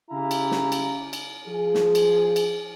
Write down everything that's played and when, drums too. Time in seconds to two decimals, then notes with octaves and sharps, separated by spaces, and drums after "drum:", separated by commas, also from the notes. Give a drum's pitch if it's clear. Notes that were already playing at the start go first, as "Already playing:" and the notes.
0.10 C#3 E4 G4 F5 G#5 A#5
0.31 drum: cymbal
0.51 drum: snare
0.72 drum: cymbal
1.13 drum: cymbal
1.47 F3 G#4
1.74 drum: snare
1.95 drum: cymbal
2.36 drum: cymbal